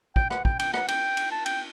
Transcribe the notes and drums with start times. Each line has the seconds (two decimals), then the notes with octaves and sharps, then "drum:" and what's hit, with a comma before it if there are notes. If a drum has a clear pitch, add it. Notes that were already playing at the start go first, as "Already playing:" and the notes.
0.16 G5, drum: kick
0.31 F#5, drum: rim click
0.45 G5, drum: kick
0.59 G5, drum: cymbal
0.74 F#5, drum: rim click
0.88 G5, drum: cymbal
1.17 drum: cymbal
1.32 A5
1.46 G5, drum: cymbal